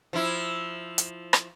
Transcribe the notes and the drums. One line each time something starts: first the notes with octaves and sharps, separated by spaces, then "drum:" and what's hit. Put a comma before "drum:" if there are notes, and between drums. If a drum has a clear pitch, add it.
F3 E4
drum: hi-hat
drum: rim click